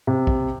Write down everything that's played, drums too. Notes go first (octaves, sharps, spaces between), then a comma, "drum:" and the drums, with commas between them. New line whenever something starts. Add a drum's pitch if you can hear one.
C3
drum: kick